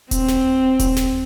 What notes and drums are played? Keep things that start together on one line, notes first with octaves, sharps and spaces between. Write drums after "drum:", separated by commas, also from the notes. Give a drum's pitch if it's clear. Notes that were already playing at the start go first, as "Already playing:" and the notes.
C4, drum: kick D#1, hi-hat
drum: snare
drum: kick D#1, hi-hat
drum: snare